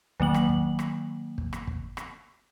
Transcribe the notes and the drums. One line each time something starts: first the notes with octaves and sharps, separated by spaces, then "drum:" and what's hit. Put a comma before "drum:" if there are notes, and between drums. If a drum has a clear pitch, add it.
D#3 F#3 A#3 F#7, drum: kick
drum: rim click
drum: kick
drum: rim click
drum: kick
drum: rim click
drum: kick
drum: rim click